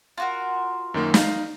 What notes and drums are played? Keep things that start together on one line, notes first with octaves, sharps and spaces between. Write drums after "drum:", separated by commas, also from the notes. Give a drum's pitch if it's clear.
F4 F#4 A#4
F#2 D#3 A#3
D#4 F5, drum: snare